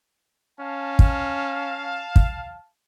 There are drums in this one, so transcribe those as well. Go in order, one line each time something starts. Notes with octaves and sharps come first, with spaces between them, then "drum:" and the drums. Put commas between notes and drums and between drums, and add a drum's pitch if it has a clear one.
C#4 F5 A5
drum: kick
drum: kick